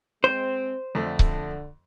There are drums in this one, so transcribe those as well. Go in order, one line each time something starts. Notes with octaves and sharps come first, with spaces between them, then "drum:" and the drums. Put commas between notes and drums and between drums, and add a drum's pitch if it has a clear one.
G#3 C4 C5
F2 D3 A3
drum: kick C#1